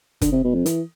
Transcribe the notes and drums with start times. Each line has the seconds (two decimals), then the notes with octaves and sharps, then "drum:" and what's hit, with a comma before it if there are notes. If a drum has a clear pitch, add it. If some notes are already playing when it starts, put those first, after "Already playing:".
0.21 D3, drum: kick, hi-hat
0.32 C3
0.44 B2
0.54 F2
0.66 E3, drum: hi-hat